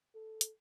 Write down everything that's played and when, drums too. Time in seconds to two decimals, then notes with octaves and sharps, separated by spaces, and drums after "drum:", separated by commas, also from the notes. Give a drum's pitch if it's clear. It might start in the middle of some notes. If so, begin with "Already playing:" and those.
0.15 A4
0.41 drum: hi-hat